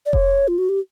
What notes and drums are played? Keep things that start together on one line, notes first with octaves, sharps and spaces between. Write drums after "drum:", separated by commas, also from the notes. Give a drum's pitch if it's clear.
D5
C#5, drum: kick F1
F4
F#4
G4